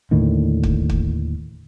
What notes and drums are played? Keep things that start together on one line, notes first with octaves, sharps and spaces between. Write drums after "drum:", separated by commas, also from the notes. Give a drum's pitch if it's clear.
D#2 A2 D3 D#3
drum: kick
drum: kick